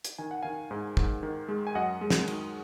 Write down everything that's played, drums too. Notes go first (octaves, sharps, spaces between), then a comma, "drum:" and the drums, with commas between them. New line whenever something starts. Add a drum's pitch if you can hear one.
drum: hi-hat
D#3 G#5
F#5
D#3 F5 G#5
G#2
G#2, drum: kick
D#3
G#3
G#5
F#2 D#5 F#5
G#3
drum: snare
D#3, drum: cymbal